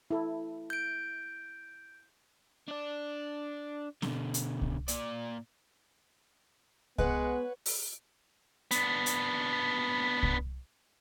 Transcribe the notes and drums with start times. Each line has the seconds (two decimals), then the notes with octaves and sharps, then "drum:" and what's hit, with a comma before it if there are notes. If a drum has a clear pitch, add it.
0.11 E4 A4
0.70 G6 D7
2.68 D4 D5
4.02 B2 D3, drum: snare C4
4.34 drum: hi-hat
4.62 drum: kick C2
4.88 A#2 D5, drum: hi-hat
6.98 G#3 B3 B4 C#5 F#5, drum: kick C2
7.66 drum: open hi-hat
8.71 B3 D4, drum: hi-hat
9.06 drum: hi-hat
10.23 drum: kick C2